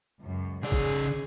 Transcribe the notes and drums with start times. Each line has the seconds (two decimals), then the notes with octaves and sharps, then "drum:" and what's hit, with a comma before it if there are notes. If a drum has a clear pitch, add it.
0.20 C#2 F#2
0.63 C#3 C#4 G#4 D5
0.72 drum: kick